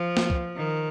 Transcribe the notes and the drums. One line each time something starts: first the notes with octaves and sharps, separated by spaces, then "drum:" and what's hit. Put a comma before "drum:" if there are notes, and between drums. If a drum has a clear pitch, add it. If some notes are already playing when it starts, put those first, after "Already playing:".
Already playing: F3
drum: snare
drum: kick C2
D#3